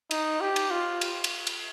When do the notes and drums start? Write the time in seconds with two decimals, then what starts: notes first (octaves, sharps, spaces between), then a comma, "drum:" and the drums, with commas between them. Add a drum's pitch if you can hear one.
0.11 D#4, drum: cymbal
0.40 G4
0.56 drum: cymbal
0.71 F4
1.01 drum: cymbal
1.24 drum: cymbal
1.47 drum: cymbal